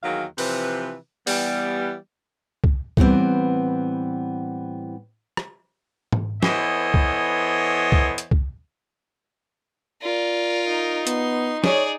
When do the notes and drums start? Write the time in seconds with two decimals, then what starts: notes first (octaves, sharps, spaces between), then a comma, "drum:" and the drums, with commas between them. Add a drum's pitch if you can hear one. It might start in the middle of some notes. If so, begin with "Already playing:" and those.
0.03 E2 D#3 F#3 A#3 G#4 F5
0.38 C3 E3 F3 B4, drum: open hi-hat
1.27 E3 G3 B3, drum: open hi-hat
2.64 drum: kick
2.97 A2 E3 G3 B3 C4, drum: kick
5.37 drum: rim click
6.12 drum: tom G#2
6.43 E3 B3 A4 C5 C#5 D#5, drum: snare
6.94 drum: kick
7.92 drum: kick
8.18 drum: hi-hat
8.31 drum: kick
10.03 F4 A#4 D5
10.68 D#4
11.07 B3 C6, drum: hi-hat
11.64 G#4 C#5 D5, drum: snare